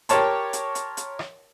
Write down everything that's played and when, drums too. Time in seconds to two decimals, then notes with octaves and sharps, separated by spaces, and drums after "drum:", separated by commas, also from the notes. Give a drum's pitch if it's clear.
0.09 G4 A#4 C#5 A5 C6, drum: hi-hat
0.53 drum: hi-hat
0.75 drum: hi-hat
0.97 drum: hi-hat
1.19 drum: rim click